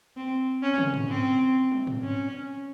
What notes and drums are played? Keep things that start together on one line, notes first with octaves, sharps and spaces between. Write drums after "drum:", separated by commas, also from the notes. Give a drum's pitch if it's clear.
C4
C#4
drum: tom
drum: tom G#2
C4
drum: tom
drum: tom G#2
C#4